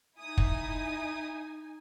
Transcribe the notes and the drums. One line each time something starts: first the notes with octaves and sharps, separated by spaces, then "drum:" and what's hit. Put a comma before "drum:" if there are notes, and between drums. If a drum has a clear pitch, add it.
D#4 E4 G#5 D#6
drum: kick